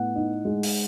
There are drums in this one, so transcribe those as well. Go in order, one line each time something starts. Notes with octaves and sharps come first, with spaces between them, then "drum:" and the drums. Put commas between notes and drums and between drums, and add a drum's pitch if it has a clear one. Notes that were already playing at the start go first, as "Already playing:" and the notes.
Already playing: A2 B3 F#5
D#4
G#3
drum: open hi-hat